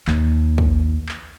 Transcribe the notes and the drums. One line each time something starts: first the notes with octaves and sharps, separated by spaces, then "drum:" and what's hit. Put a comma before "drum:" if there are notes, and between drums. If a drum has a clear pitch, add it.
D#2, drum: clap
drum: kick
drum: clap